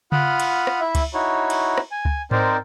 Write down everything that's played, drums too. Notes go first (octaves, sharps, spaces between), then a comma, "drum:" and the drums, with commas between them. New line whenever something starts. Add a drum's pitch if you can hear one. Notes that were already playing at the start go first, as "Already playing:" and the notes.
F4 F#5 B5 D#6 F6 F#6, drum: tom C#3
drum: cymbal
drum: rim click
E4 E5
drum: kick C#2, cymbal
D#4 E4 F#4 C#5
drum: cymbal
drum: rim click
G#5
drum: kick C#2
C4 D#4 A#4 C5 D5, drum: tom G#2